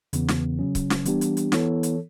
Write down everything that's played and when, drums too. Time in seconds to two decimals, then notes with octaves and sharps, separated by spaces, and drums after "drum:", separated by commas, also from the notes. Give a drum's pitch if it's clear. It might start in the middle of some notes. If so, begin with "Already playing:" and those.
0.13 E2 C#3 E3 B3, drum: hi-hat
0.28 drum: snare
0.59 C#3 F#3 C#4
0.75 drum: kick C#1, hi-hat
0.90 drum: snare
1.05 E3 G3 B3 D4 G4, drum: hi-hat
1.21 drum: hi-hat
1.37 drum: hi-hat
1.52 E3 B3 E4 A4 C#5, drum: snare
1.83 drum: hi-hat